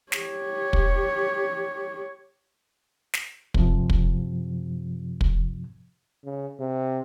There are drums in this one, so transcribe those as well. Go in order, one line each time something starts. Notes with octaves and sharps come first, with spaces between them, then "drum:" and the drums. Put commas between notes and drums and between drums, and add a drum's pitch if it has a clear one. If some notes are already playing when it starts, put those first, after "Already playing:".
G4 C#5, drum: snare
drum: kick
drum: snare
F#2 C3 F3, drum: kick
drum: kick
drum: kick
C#3
C3